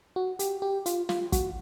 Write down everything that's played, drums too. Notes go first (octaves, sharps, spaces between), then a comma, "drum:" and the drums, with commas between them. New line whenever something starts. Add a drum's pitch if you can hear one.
F#4
G4, drum: hi-hat
G4
F4, drum: hi-hat
F4, drum: snare
F#4, drum: kick, hi-hat